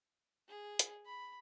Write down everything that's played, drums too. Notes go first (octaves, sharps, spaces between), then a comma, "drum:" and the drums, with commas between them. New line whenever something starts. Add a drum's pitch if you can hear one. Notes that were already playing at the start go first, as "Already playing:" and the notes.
G#4
drum: hi-hat
B5